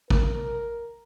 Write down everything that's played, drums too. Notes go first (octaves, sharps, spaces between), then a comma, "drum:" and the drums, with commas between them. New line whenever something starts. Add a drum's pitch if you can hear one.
A#4, drum: kick